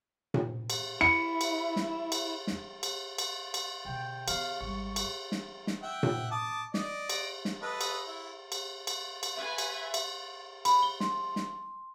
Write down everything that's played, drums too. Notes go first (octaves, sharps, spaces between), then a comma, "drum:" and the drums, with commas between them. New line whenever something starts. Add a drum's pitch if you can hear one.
drum: tom A#2
drum: cymbal
E4 C#7
drum: cymbal
drum: snare
drum: cymbal
drum: snare
drum: cymbal
drum: cymbal
drum: cymbal
B2 D3 G5
D3 B3 F5, drum: cymbal
G#1 G3 C#6
drum: cymbal
drum: snare
drum: snare
E5 F#5 G5
drum: tom A#2
A5 D6 D#6
D5 D#5, drum: snare
drum: cymbal
drum: snare
A4 B4 D#5
drum: cymbal
E4
drum: cymbal
drum: cymbal
drum: cymbal
B4 E5 G#5
drum: cymbal
drum: cymbal
B5, drum: cymbal
G7
C6, drum: snare
drum: snare